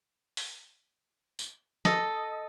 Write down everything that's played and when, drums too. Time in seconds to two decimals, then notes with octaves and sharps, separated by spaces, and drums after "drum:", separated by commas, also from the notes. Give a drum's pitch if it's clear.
0.37 drum: open hi-hat
1.39 drum: tambourine
1.85 A4 D#5, drum: snare